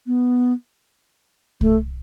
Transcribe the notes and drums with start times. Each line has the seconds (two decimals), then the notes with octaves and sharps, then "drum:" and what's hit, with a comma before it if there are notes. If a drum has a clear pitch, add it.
0.07 B3
1.61 A3, drum: kick C2